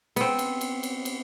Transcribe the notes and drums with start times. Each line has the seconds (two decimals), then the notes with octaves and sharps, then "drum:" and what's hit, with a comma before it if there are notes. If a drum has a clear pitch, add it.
0.16 B3 C4, drum: cymbal
0.39 drum: cymbal
0.61 drum: cymbal
0.83 drum: cymbal
1.05 drum: cymbal